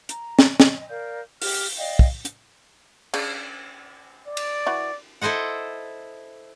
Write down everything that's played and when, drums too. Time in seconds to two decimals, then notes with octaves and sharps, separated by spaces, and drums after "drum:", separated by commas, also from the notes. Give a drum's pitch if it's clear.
0.09 A#5, drum: hi-hat
0.39 drum: snare
0.60 D#5, drum: snare
0.90 A#4 D5 F5 G6
1.42 G4 F6, drum: open hi-hat
1.77 D5 D#5 F5 G5
1.99 drum: kick
2.25 drum: hi-hat
3.14 C#3 D4, drum: cymbal
4.27 D5
4.37 drum: cymbal
4.67 E3 F#4
5.22 E4 A4 C5 D#5 F#5